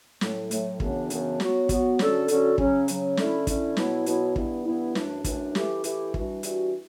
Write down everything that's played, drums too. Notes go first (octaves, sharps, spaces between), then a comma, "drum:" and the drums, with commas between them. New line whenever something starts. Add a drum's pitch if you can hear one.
A2 F#3 A3, drum: snare
A2 F#3 A3, drum: hi-hat
F#2 C#3 E3 B3 D4, drum: kick
F#2 C#3 E3 B3 D4, drum: hi-hat
F#3 B3 F#4, drum: snare
F#3 B3 F#4, drum: kick, hi-hat
D3 F#3 C#4 F#4 A4, drum: snare
D3 F#3 C#4 F#4 A4, drum: hi-hat
C#3 F#3 C#4, drum: kick
C#3 F#3 C#4, drum: hi-hat
D3 A3 C#4 E4, drum: snare
D3 A3 C#4 E4, drum: kick, hi-hat
B2 F#3 B3 E4, drum: snare
B2 F#3 B3 E4, drum: hi-hat
G2 E3 B3 E4, drum: kick
G2 E3 B3 E4
F#2 E3 A3 D4, drum: snare
F#2 E3 A3 D4, drum: kick, hi-hat
E3 A3 E4 G4, drum: snare
E3 A3 E4 G4, drum: hi-hat
E3 G3 D4 F#4, drum: kick
E3 G3 D4 F#4, drum: hi-hat